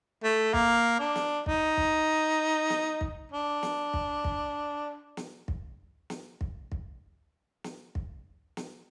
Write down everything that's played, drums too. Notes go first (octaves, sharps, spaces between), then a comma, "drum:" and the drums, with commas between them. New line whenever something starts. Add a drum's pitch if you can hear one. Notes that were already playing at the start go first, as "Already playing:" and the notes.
A3
A#3, drum: kick
D4
drum: snare
D#4, drum: kick
drum: kick
drum: snare
drum: kick
D4
drum: snare
drum: kick
drum: kick
drum: snare
drum: kick
drum: snare
drum: kick
drum: kick
drum: snare
drum: kick
drum: snare